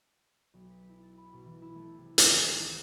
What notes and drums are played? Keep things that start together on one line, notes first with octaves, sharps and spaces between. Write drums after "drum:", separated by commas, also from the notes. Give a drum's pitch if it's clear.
B1
B6
E4
A6
B5
B2
E3
E4
A3
C3
drum: hi-hat
D#3
C#2